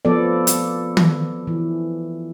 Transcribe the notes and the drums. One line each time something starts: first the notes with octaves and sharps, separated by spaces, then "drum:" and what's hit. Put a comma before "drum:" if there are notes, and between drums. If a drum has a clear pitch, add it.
F3 B3 A4 D5
drum: hi-hat
drum: tom
E3